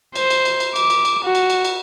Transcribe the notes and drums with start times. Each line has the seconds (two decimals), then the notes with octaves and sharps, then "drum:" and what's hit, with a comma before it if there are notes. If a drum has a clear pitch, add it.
0.16 C5, drum: cymbal
0.30 drum: cymbal
0.45 drum: cymbal
0.60 drum: cymbal
0.76 D6, drum: cymbal
0.90 drum: cymbal
1.05 drum: cymbal
1.25 F#4
1.35 drum: cymbal
1.50 drum: cymbal
1.65 drum: cymbal